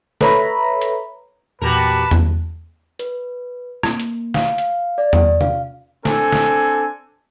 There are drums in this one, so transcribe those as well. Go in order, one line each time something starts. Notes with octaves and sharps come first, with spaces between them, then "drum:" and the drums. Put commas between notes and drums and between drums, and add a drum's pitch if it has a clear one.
A4 B4 C#5 E5 A#5 B5, drum: snare
drum: hi-hat
E2 A#2 F#4 G4 A#4 B4 A5
drum: tom E2
B4, drum: hi-hat
A#3, drum: rim click
drum: hi-hat
F5, drum: snare
F5, drum: hi-hat
D5
drum: tom E2
F5, drum: tom C3
C4 D4 A4 G#5, drum: snare
drum: snare